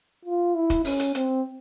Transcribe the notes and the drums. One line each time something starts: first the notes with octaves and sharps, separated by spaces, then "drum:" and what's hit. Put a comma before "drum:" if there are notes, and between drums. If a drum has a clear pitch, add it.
F4
E4
drum: kick, hi-hat
C#4, drum: open hi-hat
drum: hi-hat
C4, drum: hi-hat